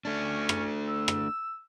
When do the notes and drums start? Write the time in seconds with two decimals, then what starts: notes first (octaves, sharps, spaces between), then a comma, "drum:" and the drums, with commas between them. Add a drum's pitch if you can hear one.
0.05 A3 C#4 D4
0.49 drum: rim click
0.88 E6
1.08 drum: rim click